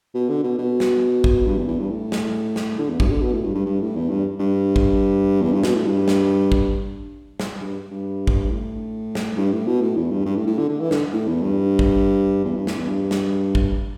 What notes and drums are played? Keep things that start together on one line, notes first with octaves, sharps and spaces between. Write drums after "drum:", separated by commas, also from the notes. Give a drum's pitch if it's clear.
B2
D3
B2
B2
drum: snare
drum: kick
G2
E2
E2
G2
A2
drum: snare
drum: snare
D3
E2
G2, drum: kick
B2
D3
B2
A2
G2
G2
G2
A2
E2
G2
G2
drum: kick
E2
G2
B2, drum: snare
A2
G2
drum: snare
drum: kick
drum: snare
G2
G2
drum: kick
A2
drum: snare
G2
A2
B2
A2
E2
G2
G2
A2
A2
D3
D3
E3
D3, drum: snare
A2
E2
G2
drum: kick
E2
G2
A2, drum: snare
E2
G2
drum: snare
drum: kick